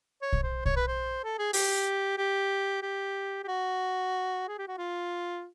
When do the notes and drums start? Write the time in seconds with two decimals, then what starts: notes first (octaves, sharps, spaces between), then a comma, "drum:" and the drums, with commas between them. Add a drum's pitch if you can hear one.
0.22 C#5
0.33 drum: kick B1
0.43 C5
0.66 C#5, drum: kick B1
0.76 B4
0.88 C5
1.24 A4
1.39 G#4
1.53 G4, drum: open hi-hat
2.18 G4
2.82 G4
3.44 G4
3.48 F#4
4.48 G#4
4.58 G4
4.68 F#4
4.78 F4